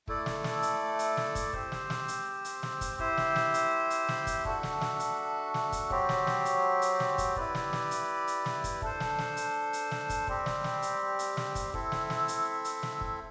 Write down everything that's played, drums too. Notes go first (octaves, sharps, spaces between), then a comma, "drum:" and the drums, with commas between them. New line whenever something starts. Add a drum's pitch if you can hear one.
A3 E4 A4 D5, drum: kick
drum: snare
drum: snare
drum: hi-hat
drum: hi-hat
drum: snare
drum: kick, hi-hat
C4 G4 C5, drum: kick
drum: snare
drum: snare
drum: hi-hat
drum: hi-hat
drum: snare
drum: kick, hi-hat
E4 G4 C5, drum: kick
drum: snare
drum: snare
drum: hi-hat
drum: hi-hat
drum: snare
drum: kick, hi-hat
D4 F#4 A4 E5, drum: kick
drum: snare
drum: snare
drum: hi-hat
drum: snare
drum: kick, hi-hat
F#3 C4 G4, drum: kick
drum: snare
drum: snare
drum: hi-hat
drum: hi-hat
drum: snare
drum: kick, hi-hat
E4 G4 B4 D5, drum: kick
drum: snare
drum: snare
drum: hi-hat
drum: hi-hat
drum: snare
drum: kick, hi-hat
D4 A4 C5, drum: kick
drum: snare
drum: snare
drum: hi-hat
drum: hi-hat
drum: snare
drum: kick, hi-hat
G3 C4 G4, drum: kick
drum: snare
drum: snare
drum: hi-hat
drum: hi-hat
drum: snare
drum: kick, hi-hat
C4 E4 A4 E5, drum: kick
drum: snare
drum: snare
drum: hi-hat
drum: hi-hat
drum: snare
drum: kick